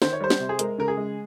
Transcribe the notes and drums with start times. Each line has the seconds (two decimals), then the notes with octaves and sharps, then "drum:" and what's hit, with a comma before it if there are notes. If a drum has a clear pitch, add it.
0.02 D#3 C5, drum: snare
0.13 C#5
0.20 G3 C5
0.30 drum: snare
0.40 C3
0.49 G#4
0.59 G#3 A#4, drum: hi-hat
0.78 C#3 A#4
0.88 G#4
0.97 G#3